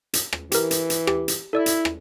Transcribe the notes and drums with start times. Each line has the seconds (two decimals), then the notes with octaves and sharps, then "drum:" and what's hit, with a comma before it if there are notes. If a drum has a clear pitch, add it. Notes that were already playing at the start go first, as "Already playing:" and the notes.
0.13 drum: hi-hat
0.33 drum: rim click
0.52 E3 G4 A#4, drum: hi-hat
0.71 drum: hi-hat
0.90 drum: hi-hat
1.07 G4, drum: rim click
1.28 drum: hi-hat
1.53 E4 A4 D5 E6
1.66 drum: hi-hat
1.85 drum: rim click